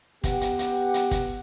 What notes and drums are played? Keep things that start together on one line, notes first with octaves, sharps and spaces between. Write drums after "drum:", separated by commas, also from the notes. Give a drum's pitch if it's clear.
B3 G4 F#5, drum: kick, hi-hat
drum: hi-hat
drum: hi-hat
drum: hi-hat
drum: kick, hi-hat